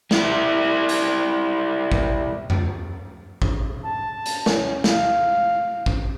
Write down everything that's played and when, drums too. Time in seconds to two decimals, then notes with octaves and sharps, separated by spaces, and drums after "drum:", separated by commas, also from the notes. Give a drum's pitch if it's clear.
0.11 G3 E4, drum: snare
0.89 drum: hi-hat
1.92 drum: kick A1
2.50 drum: tom F2
3.42 drum: kick A1
3.85 A5
4.26 drum: hi-hat
4.46 C#4, drum: snare
4.84 F5, drum: snare
5.86 drum: kick A1